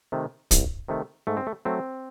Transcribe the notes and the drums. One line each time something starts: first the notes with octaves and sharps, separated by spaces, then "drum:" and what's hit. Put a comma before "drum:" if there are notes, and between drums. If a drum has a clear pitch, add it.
C3 D#3 A3
C2, drum: kick, hi-hat
C3 D#3 A3
G#2 A3
C4
A3
F#3 A3 C4